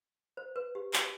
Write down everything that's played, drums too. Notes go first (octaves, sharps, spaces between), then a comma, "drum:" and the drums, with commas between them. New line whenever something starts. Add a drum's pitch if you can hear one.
C5
B4
G4
F#4, drum: clap